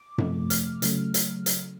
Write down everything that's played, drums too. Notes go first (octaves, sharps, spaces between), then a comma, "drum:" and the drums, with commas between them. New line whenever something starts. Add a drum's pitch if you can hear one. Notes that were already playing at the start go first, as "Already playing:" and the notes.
Already playing: D6
C3 F3 A3, drum: tom F#2
F6, drum: hi-hat
C#3 F#3 A3, drum: hi-hat
drum: hi-hat
drum: hi-hat